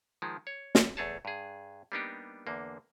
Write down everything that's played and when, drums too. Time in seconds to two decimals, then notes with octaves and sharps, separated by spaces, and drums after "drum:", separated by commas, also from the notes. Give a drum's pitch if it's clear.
0.22 D#3 F3 G#3
0.47 C#5
0.75 drum: snare
0.97 E2 A3 G#4 C#5 A5
1.25 G2 G#4
1.92 G3 A#3 B3 D4 D#4 G4
2.47 E2 D3 A#3